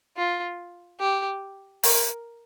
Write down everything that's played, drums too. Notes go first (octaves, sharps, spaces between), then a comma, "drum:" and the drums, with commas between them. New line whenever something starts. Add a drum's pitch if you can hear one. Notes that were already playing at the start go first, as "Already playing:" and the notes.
F4
G4
A#4, drum: open hi-hat